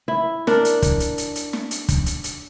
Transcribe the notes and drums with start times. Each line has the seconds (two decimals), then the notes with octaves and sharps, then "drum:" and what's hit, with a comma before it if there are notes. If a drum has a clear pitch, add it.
0.08 E4
0.47 D4 A#4, drum: snare
0.65 drum: hi-hat
0.82 drum: kick, hi-hat
1.00 drum: hi-hat
1.18 drum: hi-hat
1.36 drum: hi-hat
1.53 drum: snare
1.71 drum: hi-hat
1.89 drum: kick, hi-hat
2.06 drum: hi-hat
2.24 drum: hi-hat